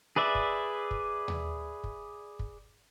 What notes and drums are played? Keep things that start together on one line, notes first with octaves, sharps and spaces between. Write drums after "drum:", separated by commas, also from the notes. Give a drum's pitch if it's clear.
G#4 B4 D5 E5
drum: kick
drum: kick
drum: tom D#2
drum: kick
drum: kick